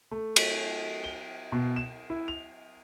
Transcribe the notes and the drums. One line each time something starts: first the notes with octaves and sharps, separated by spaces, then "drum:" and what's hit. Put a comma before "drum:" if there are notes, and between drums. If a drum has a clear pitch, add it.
A3
drum: cymbal
G7
B2
E7
E4
F7